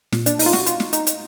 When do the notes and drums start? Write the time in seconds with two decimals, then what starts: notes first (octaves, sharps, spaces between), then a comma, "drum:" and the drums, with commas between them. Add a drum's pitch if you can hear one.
0.12 A#2, drum: snare
0.26 D4, drum: hi-hat
0.39 D#4, drum: open hi-hat
0.46 F4
0.53 F#4, drum: snare
0.66 F4, drum: hi-hat
0.80 drum: snare
0.93 D#4, drum: hi-hat
1.07 drum: hi-hat